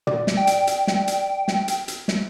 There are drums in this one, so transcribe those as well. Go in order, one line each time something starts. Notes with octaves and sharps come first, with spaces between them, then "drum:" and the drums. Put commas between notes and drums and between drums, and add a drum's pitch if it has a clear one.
D5, drum: tom
drum: snare
G5
drum: hi-hat
drum: hi-hat
drum: snare
drum: hi-hat
drum: snare
drum: hi-hat
drum: hi-hat
drum: snare